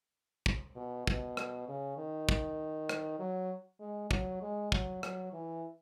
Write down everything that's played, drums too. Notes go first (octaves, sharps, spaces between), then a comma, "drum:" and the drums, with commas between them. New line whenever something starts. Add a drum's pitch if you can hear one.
drum: kick
B2
B2, drum: kick
drum: rim click
C#3
D#3
drum: kick
drum: rim click
F#3
G#3
F#3, drum: kick
G#3
F#3, drum: kick
F#3, drum: rim click
E3